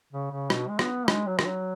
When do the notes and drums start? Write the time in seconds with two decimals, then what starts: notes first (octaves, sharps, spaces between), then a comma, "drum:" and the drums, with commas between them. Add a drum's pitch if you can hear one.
0.13 C#3
0.31 C#3
0.50 B2, drum: rim click
0.68 G#3
0.79 B3, drum: rim click
1.08 G#3, drum: rim click
1.27 F#3
1.39 D#3, drum: rim click
1.45 F#3